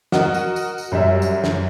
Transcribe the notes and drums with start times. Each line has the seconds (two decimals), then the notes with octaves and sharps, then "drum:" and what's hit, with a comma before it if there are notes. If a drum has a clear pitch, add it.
0.12 F#4 A#4 D#5 F#5, drum: snare
0.34 drum: tambourine
0.56 drum: tambourine
0.78 drum: tambourine
0.92 F#2 G3 E5
1.22 drum: tambourine
1.44 drum: snare